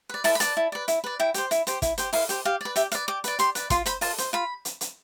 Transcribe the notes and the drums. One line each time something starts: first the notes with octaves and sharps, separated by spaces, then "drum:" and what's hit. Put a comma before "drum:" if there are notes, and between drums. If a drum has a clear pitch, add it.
B4 D5
E4 A5, drum: open hi-hat
B5
B4 D5 A5, drum: hi-hat
E4
B4 D5
E4, drum: hi-hat
B4 D5
E4 G5
G4 C5, drum: hi-hat
E4, drum: hi-hat
G4 C5, drum: hi-hat
E4, drum: kick, hi-hat
G4 C5, drum: hi-hat
E4 F5, drum: open hi-hat
G4 C5, drum: hi-hat
G4 F5
B4 D5
G4 E5, drum: hi-hat
B4 D5 F5, drum: hi-hat
G4 D6
B4 D5, drum: hi-hat
G4 C6, drum: hi-hat
B4 D5, drum: hi-hat
F4 C6, drum: kick, hi-hat
C5 B5, drum: hi-hat
F4 A5, drum: open hi-hat
C5, drum: hi-hat
F4 B5
drum: hi-hat
drum: hi-hat